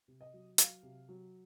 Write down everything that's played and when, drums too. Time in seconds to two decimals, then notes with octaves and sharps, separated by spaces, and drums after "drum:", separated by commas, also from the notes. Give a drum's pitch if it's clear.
0.08 C3
0.21 D#5
0.33 F#3
0.58 F#3 F5, drum: hi-hat
0.83 C3
1.09 F#3